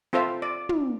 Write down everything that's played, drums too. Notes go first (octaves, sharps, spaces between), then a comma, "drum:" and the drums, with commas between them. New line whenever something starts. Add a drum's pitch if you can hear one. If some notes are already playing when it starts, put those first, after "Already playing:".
C4 F4 A4 C5 E5 F5
D5
drum: tom